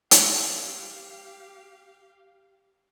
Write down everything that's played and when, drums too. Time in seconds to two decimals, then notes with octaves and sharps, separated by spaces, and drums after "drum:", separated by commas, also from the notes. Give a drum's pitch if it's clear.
0.11 G4 F5, drum: hi-hat